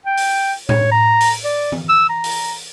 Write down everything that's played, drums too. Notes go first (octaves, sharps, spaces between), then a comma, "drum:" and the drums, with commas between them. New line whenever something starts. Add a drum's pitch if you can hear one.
G5
drum: open hi-hat
C#5, drum: tom A2
A#5
drum: open hi-hat
D5
drum: tom E3
E6
A#5
drum: open hi-hat